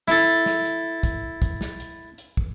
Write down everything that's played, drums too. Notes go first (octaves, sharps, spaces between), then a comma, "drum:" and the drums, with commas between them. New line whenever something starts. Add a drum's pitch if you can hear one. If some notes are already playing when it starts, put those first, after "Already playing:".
E4 A4, drum: snare
drum: hi-hat
drum: snare
drum: hi-hat
drum: kick, hi-hat
drum: kick, hi-hat
drum: snare
drum: hi-hat
drum: hi-hat
drum: kick